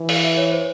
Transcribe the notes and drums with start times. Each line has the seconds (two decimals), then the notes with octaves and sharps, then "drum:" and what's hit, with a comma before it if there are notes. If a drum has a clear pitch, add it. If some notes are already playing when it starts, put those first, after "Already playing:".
Already playing: E3
0.09 F5, drum: open hi-hat
0.23 E5
0.37 C#5
0.52 C5